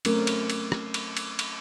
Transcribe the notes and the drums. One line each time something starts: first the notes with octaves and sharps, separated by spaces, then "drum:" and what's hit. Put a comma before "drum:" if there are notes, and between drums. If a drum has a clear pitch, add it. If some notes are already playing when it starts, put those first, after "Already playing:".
F#3 A3 C4 C#4 A#4, drum: cymbal
drum: cymbal
drum: cymbal
drum: rim click
drum: cymbal
drum: cymbal
drum: cymbal